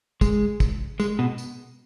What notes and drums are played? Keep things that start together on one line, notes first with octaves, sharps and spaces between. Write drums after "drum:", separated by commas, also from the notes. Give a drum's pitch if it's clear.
G#3, drum: kick, tambourine
drum: kick, tambourine
G#3, drum: tambourine
B2
drum: tambourine